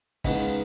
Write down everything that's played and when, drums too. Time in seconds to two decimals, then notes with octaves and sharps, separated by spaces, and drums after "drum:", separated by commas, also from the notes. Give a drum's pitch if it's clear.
0.24 C#3 G#3 B3 D#4 D#5 F#5, drum: kick, open hi-hat